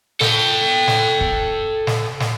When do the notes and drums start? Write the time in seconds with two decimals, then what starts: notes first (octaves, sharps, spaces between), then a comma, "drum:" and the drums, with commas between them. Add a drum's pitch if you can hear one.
0.21 A4 G5, drum: snare
0.87 drum: snare
1.21 drum: kick
1.87 drum: snare
2.20 drum: snare